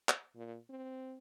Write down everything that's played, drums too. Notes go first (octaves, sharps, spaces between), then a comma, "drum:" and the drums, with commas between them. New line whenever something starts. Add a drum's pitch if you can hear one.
drum: clap
A#2
C4